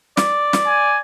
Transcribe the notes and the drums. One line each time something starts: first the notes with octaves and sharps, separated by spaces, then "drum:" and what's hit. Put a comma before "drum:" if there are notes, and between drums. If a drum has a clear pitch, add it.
D5, drum: snare
drum: snare
G#5